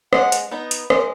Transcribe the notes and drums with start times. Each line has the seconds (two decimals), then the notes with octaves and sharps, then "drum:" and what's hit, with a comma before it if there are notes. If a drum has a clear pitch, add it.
0.13 G#3 F#5, drum: rim click
0.32 drum: hi-hat
0.51 B3 D#4
0.71 drum: hi-hat
0.90 G#3 A#4, drum: rim click